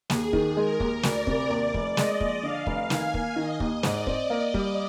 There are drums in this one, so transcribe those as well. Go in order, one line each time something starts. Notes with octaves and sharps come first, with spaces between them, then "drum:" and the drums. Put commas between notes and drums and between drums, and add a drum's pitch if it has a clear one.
D#2 G#4, drum: snare
D#3, drum: kick
G#3 A#4
D#2, drum: kick
D2 D5, drum: snare
C3, drum: kick
D#2
F1, drum: kick
G#3 D#5, drum: snare
A#1, drum: kick
D3 F5
F1, drum: kick
D#3 G#5, drum: snare
A#3, drum: kick
D#3 D#5
D#2, drum: kick
G#2 D5, drum: snare
C4, drum: kick
A#3
G3, drum: kick